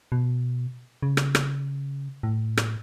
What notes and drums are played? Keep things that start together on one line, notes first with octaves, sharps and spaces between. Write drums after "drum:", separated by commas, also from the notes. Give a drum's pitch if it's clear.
B2
C#3
drum: rim click
drum: rim click
A2
drum: rim click